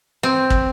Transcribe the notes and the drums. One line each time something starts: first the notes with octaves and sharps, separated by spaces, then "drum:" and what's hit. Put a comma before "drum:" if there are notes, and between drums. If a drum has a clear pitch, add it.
C4
drum: kick